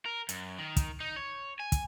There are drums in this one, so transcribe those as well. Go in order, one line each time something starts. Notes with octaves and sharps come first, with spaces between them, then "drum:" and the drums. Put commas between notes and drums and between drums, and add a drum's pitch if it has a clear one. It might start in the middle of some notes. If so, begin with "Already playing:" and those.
A#4
F#2, drum: hi-hat
D#3
drum: kick, hi-hat
D#4
C#5
G#5
drum: kick, hi-hat